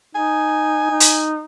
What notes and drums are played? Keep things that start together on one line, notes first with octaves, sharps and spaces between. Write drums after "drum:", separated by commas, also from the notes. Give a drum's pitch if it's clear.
D#4 G#5
D#4
drum: hi-hat